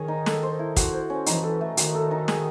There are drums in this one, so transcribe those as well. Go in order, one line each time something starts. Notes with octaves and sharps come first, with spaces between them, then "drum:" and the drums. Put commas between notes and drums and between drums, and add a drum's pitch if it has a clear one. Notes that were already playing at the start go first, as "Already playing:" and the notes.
Already playing: D#3 G#4 C#5
D#4
A4, drum: snare
C5
E4
F#4, drum: kick, hi-hat
C5
C#4
E3 D#4, drum: hi-hat
A4
A3
D#3 F#4, drum: hi-hat
A4
D#4
G#4, drum: snare